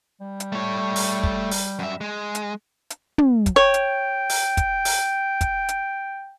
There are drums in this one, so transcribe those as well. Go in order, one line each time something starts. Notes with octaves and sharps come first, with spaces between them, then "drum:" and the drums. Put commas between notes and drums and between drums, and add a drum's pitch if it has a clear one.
G3
drum: hi-hat
A3 C#5
drum: open hi-hat
drum: kick
drum: open hi-hat
F#2 E5
G#3
drum: hi-hat
drum: hi-hat
drum: tom
drum: kick, hi-hat
C#5 G5
drum: hi-hat
drum: open hi-hat
drum: kick, hi-hat
drum: open hi-hat
drum: kick, hi-hat
drum: hi-hat